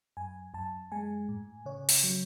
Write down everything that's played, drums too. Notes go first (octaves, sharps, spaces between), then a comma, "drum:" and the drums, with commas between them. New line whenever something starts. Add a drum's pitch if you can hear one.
F#2 G#5
F#2 A5
G#3 G#5
A2
C#3 C#5
drum: open hi-hat
F#3